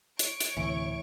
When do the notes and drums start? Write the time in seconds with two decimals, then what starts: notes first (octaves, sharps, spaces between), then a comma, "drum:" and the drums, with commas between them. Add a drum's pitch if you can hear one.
0.19 C#5 C#6 D7, drum: hi-hat
0.40 drum: hi-hat
0.57 D2 A2 C3 E3